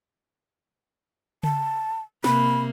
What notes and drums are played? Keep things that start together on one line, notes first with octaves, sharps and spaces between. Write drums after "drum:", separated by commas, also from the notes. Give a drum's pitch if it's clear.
A5, drum: tom C#3
C3 A#3 B5, drum: snare